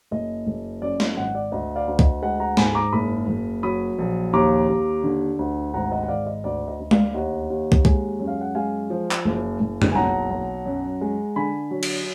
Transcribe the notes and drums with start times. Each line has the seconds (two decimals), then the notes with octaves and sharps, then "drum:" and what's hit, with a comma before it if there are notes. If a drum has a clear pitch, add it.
0.11 F#1 D#5
0.47 F#1
0.82 F#2 D5
1.00 D#5, drum: snare
1.17 G#1 D#5 F#5
1.35 D5
1.52 D2 D#5
1.76 D5 F5
1.88 D2
1.99 D#5, drum: kick
2.22 G#3 D#5 F#5
2.40 F#5 A#5
2.57 G#2 G#5 B5, drum: snare
2.75 A#5 D6
2.92 F#1 B5 D#6
3.28 F#1
3.63 F#3 B5 D#6
3.99 A#1
4.33 D#2 A#5 D6
4.68 D#2
5.04 D3
5.39 D2
5.74 G#1 F#5 A#5
5.92 D#5 F#5
6.03 F#5
6.08 G#1 D5 F5
6.27 D#5
6.44 D2 D5
6.68 D#5
6.80 D2
6.91 D5 F5, drum: tom G#3
7.14 D#2 D#5 F#5
7.50 D#2
7.72 drum: kick
7.85 G#3, drum: kick
8.19 F#2
8.27 F5
8.41 F#5
8.55 G#3 F5 G#5
8.90 F3
9.11 drum: clap
9.25 F#1
9.60 F#1
9.82 drum: tom
9.91 G#5
9.95 B1 F#5 A#5
10.31 B1
10.66 F#2
11.01 G#3
11.36 D3 G#5 B5
11.71 F#3
11.83 drum: cymbal